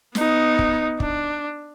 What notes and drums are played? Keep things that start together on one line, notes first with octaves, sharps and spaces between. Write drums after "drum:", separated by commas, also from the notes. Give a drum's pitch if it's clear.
B3 D#4, drum: snare
drum: kick
D4, drum: kick